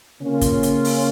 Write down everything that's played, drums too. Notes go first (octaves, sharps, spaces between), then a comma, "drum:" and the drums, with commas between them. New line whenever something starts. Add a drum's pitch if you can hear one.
C#3 A#3 C#4 F4
drum: kick, hi-hat
drum: hi-hat
drum: open hi-hat